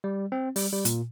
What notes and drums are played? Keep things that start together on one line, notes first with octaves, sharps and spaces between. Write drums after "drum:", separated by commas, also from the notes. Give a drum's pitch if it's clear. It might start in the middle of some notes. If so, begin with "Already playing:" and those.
G3
C4
G3, drum: open hi-hat
G3
A#2, drum: hi-hat